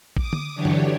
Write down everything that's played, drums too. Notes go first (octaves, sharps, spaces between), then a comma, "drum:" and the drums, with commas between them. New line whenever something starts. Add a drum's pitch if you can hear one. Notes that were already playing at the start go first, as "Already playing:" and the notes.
D6 D#6, drum: kick A1
drum: tom D3
D3 E3 F#3 D4 G4 C#5
drum: tom G2